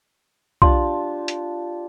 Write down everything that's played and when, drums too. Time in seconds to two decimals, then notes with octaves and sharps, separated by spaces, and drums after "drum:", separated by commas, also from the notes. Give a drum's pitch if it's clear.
0.62 D4 F4 G4 C6, drum: kick
1.28 drum: hi-hat